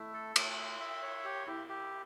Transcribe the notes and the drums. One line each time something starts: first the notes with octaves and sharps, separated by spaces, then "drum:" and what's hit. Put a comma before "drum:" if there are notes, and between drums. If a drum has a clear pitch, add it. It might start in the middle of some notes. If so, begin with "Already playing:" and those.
Already playing: A3 E4
A4
A3, drum: cymbal
E5
E5
C#5
G4
E4 G4
G4